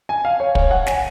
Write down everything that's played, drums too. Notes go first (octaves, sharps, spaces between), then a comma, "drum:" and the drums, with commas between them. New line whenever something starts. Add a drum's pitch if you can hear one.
G#5
F5
C#5
C#5, drum: kick
F#5
G#5, drum: snare